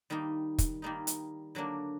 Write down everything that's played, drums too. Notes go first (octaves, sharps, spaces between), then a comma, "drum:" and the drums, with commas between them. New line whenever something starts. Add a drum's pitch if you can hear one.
D#3 G3 A#3 D#4
drum: kick, hi-hat
D#3 G3 A#3 D#4
drum: hi-hat
D3 F#3 A#3 D4